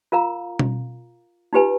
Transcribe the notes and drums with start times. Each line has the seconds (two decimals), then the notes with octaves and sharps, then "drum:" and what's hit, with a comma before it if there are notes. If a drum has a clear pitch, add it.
0.12 F4 A#4 F5 A#5
0.59 drum: tom B2
1.53 D#4 F4 G4 B4 G#5